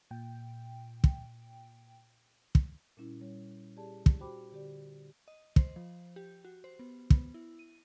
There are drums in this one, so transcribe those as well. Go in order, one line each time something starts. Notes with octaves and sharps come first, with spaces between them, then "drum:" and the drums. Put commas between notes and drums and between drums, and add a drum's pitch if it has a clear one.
A#2 G5
drum: kick
drum: kick
A#2 G3 C#4 E4
G3 C#5
G4 G#4 D5 A5
drum: kick
F#4 G4 C5 G5 B5 D6
D3 G4 D5
D#5
C5, drum: kick
F3
G4
F#4
C5
B3
B3, drum: kick
E4
D#7